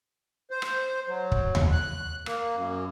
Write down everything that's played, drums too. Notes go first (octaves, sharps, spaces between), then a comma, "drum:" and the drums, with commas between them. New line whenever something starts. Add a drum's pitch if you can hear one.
C5
drum: rim click
F#3
drum: kick
drum: tom D#2
F#6
A#3, drum: rim click
F#2